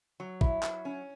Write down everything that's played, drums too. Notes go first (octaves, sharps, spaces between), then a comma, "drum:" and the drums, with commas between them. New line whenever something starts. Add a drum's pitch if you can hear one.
F#3
E4, drum: kick A1
F#3, drum: clap
C#4